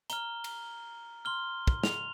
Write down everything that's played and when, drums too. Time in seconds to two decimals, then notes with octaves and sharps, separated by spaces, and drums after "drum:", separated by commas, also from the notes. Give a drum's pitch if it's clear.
0.10 A#5 F6 G7, drum: hi-hat
0.44 drum: cymbal
1.25 C6 F6 G7
1.67 drum: kick
1.84 F7, drum: snare